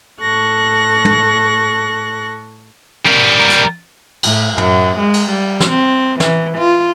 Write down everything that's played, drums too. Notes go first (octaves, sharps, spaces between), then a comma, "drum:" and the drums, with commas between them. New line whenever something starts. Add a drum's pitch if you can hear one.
A2 A4 C#6 F#6 A#6
drum: tom
G3 A#4
drum: hi-hat
A2, drum: cymbal
F#2, drum: tom
G#3
drum: cymbal
G3
drum: snare
C4
E3, drum: snare
F4